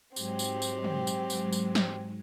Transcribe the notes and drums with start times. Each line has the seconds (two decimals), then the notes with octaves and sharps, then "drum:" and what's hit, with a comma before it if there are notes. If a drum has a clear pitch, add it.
0.16 G#2 F#3 G#3 C4 G4, drum: tambourine
0.39 drum: tambourine
0.62 drum: tambourine
0.84 drum: tom
1.07 drum: tambourine
1.30 drum: tambourine
1.53 drum: tambourine
1.75 drum: snare